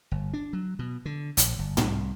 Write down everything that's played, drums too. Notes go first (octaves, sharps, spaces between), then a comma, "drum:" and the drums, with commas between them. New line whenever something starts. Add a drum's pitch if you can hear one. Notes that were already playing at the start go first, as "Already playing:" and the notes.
G1
D4
F#3
B2
D3
A#1, drum: hi-hat
G1
C2, drum: tom